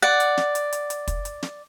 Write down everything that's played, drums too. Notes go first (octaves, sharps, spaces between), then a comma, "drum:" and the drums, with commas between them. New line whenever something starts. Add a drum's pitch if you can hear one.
D5 F#5
drum: hi-hat
drum: snare
drum: hi-hat
drum: hi-hat
drum: hi-hat
drum: kick, hi-hat
drum: hi-hat
drum: snare